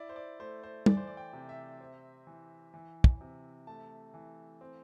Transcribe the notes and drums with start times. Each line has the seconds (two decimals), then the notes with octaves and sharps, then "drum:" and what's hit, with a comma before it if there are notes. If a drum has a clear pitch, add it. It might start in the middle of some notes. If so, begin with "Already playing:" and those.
Already playing: E4 D5
0.09 C5
0.16 D5
0.40 A3 C5
0.63 C5
0.86 E3 D5, drum: tom
0.97 C5
1.07 D5
1.17 G5
1.33 C3
1.49 E5
1.81 C4
2.27 E3
2.74 E3
3.04 drum: kick
3.21 C3
3.67 A3 A5
4.14 E3
4.61 C4